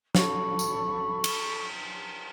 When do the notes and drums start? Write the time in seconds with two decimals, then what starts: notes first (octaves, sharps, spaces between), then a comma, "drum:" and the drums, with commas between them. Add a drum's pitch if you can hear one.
0.15 A4 B5 C#6, drum: snare
0.59 drum: tambourine
1.24 drum: cymbal